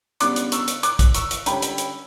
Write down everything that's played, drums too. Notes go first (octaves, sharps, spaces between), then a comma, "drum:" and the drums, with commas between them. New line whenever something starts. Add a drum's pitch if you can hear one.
C#3 G3 B3 D4 D6 F#6, drum: hi-hat
drum: hi-hat
C#6 E6, drum: hi-hat
drum: hi-hat
D6 F#6, drum: hi-hat
drum: kick, hi-hat
C#6 E6, drum: hi-hat
drum: hi-hat
D3 G3 C#4 G5 B5, drum: hi-hat
drum: hi-hat
drum: hi-hat